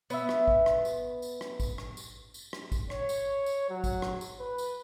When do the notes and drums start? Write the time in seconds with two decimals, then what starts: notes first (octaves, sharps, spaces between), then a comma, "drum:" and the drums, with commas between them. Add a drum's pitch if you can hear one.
0.10 B3 E5, drum: tambourine
0.29 drum: rim click
0.48 drum: kick G#1
0.66 drum: rim click
0.85 drum: tambourine
1.22 drum: tambourine
1.41 drum: rim click
1.60 drum: kick G#1, tambourine
1.78 drum: rim click
1.97 drum: tambourine
2.34 drum: tambourine
2.53 drum: rim click
2.72 drum: kick G#1, tambourine
2.90 C#5, drum: rim click
3.09 drum: tambourine
3.46 drum: tambourine
3.70 F#3
3.84 drum: kick G#1, tambourine
4.02 drum: rim click
4.21 drum: tambourine
4.40 B4
4.58 drum: tambourine